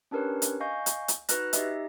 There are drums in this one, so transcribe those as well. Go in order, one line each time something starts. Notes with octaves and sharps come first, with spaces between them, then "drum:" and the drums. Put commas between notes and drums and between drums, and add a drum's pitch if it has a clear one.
C#4 D4 G4 A#4 B4 C#5
drum: hi-hat
D#5 F5 G#5 C#6 G6
drum: hi-hat
drum: hi-hat
D#4 F#4 B4 F6 F#6 A#6, drum: hi-hat
D#4 G4 D#5 E5, drum: hi-hat